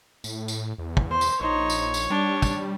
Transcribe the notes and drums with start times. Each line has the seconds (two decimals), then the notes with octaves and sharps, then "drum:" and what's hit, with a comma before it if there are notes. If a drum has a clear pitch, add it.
0.24 A2, drum: tambourine
0.48 drum: tambourine
0.78 E2
0.97 drum: kick
1.10 C5
1.21 drum: tambourine
1.41 A#1 D#4 C5 C#5
1.70 drum: tambourine
1.94 drum: tambourine
2.10 G3 D4
2.42 drum: kick, tambourine